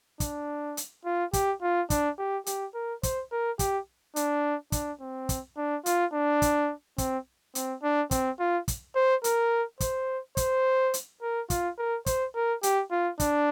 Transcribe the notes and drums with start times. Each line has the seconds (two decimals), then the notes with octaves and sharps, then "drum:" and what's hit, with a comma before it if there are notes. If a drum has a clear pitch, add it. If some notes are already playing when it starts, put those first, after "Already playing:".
0.20 D4, drum: kick, hi-hat
0.77 drum: hi-hat
1.05 F4
1.33 G4, drum: kick, hi-hat
1.62 F4
1.90 D4, drum: kick, hi-hat
2.18 G4
2.46 G4, drum: hi-hat
2.75 A#4
3.03 C5, drum: kick, hi-hat
3.32 A#4
3.59 G4, drum: kick, hi-hat
4.16 D4, drum: hi-hat
4.72 D4, drum: kick, hi-hat
5.00 C4
5.29 drum: kick, hi-hat
5.57 D4
5.86 F4, drum: hi-hat
6.13 D4
6.42 drum: kick, hi-hat
6.98 C4, drum: kick, hi-hat
7.55 C4, drum: hi-hat
7.83 D4
8.11 C4, drum: kick, hi-hat
8.40 F4
8.68 drum: kick, hi-hat
8.96 C5
9.24 A#4, drum: hi-hat
9.80 C5, drum: kick, hi-hat
10.37 C5, drum: kick, hi-hat
10.94 drum: hi-hat
11.22 A#4
11.50 F4, drum: kick, hi-hat
11.78 A#4
12.06 C5, drum: kick, hi-hat
12.35 A#4
12.63 G4, drum: hi-hat
12.91 F4
13.20 D4, drum: kick, hi-hat